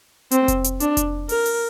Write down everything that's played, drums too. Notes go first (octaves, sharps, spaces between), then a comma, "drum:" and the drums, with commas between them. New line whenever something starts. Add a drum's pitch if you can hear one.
C4, drum: hi-hat
drum: kick F1, hi-hat
drum: hi-hat
D4, drum: hi-hat
drum: kick F1, hi-hat
A#4, drum: open hi-hat
drum: open hi-hat